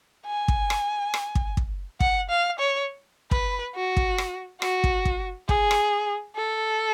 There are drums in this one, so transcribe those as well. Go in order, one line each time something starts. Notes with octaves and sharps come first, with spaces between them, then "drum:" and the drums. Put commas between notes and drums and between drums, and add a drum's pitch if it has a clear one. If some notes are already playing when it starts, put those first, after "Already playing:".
G#5
drum: kick
drum: rim click
drum: rim click
drum: kick
drum: kick
F#5, drum: kick
F5
C#5
B4, drum: kick
F#4
drum: kick
drum: rim click
F#4, drum: rim click
drum: kick
drum: kick
G#4, drum: kick
drum: rim click
A4